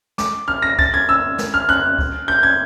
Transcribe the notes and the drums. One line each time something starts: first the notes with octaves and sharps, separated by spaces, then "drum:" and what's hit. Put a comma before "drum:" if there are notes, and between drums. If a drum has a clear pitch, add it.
D6, drum: snare
F6
A#6
A6, drum: kick C#2
G#6
E6
drum: snare
F6
F#6
drum: kick C#2
G6
G#6